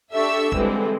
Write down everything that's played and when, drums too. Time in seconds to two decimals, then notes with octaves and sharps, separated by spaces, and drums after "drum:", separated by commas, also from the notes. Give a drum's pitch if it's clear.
0.13 D4 G4 A4 E5 C#6 E6
0.52 D3 E3 G3 G#3 C4, drum: kick